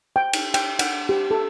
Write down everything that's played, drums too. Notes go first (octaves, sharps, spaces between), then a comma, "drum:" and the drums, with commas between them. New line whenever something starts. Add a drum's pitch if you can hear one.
G5
drum: cymbal
G5, drum: cymbal
F#5, drum: cymbal
G4
A4